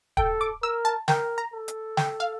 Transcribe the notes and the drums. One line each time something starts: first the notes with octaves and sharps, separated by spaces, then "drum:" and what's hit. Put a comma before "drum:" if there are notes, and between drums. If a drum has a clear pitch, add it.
A4 G5, drum: kick
D6
A#4 E6
A5
A#4 G5, drum: snare
A#5
A4
drum: hi-hat
G5, drum: snare
F5